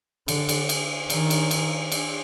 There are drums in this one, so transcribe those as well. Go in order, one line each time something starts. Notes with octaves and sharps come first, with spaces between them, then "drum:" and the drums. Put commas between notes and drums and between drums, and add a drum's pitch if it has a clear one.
D3, drum: cymbal
drum: cymbal
drum: cymbal
D#3, drum: cymbal
drum: cymbal
drum: cymbal
drum: cymbal